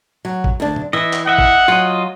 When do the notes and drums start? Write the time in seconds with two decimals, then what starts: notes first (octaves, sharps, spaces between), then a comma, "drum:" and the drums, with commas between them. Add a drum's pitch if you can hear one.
0.25 F#3
0.44 drum: kick
0.60 D2 D4
0.76 drum: tom
0.93 E3 D#5 E5
1.13 drum: clap
1.27 D#5 E5 F#5
1.38 drum: kick
1.68 F#3 F4 D#5